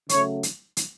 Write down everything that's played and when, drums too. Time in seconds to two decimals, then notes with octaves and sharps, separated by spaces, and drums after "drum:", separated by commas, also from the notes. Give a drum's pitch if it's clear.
0.09 C#3 F#3 A3 C#5, drum: hi-hat
0.43 drum: hi-hat
0.77 drum: hi-hat